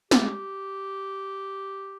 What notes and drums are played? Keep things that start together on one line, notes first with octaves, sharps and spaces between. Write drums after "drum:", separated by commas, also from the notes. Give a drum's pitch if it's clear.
G4, drum: snare